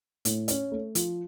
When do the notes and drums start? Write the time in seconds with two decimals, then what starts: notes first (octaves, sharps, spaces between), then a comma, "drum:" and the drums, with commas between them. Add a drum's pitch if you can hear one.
0.25 A2, drum: hi-hat
0.48 C#4, drum: hi-hat
0.72 A3
0.95 F3, drum: hi-hat